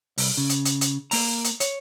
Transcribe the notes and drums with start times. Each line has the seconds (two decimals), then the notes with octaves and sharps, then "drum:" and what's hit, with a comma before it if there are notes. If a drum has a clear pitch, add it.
0.18 C2, drum: open hi-hat
0.37 C#3
0.50 drum: hi-hat
0.65 drum: hi-hat
0.81 drum: hi-hat
1.11 A#3 A#5, drum: open hi-hat
1.45 drum: hi-hat
1.60 C#5, drum: hi-hat